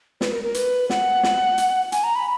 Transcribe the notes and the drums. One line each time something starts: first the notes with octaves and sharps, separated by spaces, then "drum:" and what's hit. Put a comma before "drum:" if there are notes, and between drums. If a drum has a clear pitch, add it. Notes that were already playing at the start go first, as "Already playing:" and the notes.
B4, drum: snare
A#4
A#4
B4, drum: hi-hat
F#5, drum: snare
drum: snare
drum: hi-hat
G#5, drum: hi-hat
A#5
B5